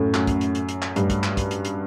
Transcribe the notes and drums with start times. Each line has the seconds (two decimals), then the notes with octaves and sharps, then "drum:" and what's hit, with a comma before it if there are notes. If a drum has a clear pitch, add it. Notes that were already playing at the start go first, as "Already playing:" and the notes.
Already playing: F#2 A2
0.14 F#2, drum: clap
0.27 drum: kick, hi-hat
0.41 drum: hi-hat
0.55 drum: hi-hat
0.69 drum: hi-hat
0.82 drum: clap
0.96 G2, drum: hi-hat
1.10 drum: kick, hi-hat
1.23 drum: clap
1.37 drum: kick, hi-hat
1.51 drum: hi-hat
1.65 drum: hi-hat